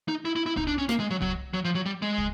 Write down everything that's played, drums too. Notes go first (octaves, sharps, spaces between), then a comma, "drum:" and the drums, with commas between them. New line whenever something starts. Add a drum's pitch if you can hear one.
D#4
E4
E4
E4
D#4, drum: kick
D4
C#4
A#3, drum: rim click
G#3
F#3
F#3, drum: kick
F#3
F3
F#3
G3
G#3
drum: kick